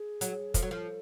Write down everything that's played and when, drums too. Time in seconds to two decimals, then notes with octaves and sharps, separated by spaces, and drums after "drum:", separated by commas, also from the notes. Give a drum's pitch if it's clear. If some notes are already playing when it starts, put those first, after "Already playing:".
Already playing: G#4
0.21 F#3, drum: hi-hat
0.54 F3 A4, drum: kick, hi-hat
0.63 F#3
0.71 F3